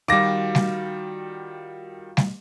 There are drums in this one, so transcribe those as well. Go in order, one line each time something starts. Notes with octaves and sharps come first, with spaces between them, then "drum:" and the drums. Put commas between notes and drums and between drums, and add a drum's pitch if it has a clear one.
D#3 G3 F4 F#4 D6 A#6
drum: snare G3
drum: snare G3